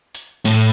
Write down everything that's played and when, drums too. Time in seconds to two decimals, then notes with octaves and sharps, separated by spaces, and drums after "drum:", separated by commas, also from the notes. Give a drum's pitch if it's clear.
0.15 drum: hi-hat
0.45 A2, drum: hi-hat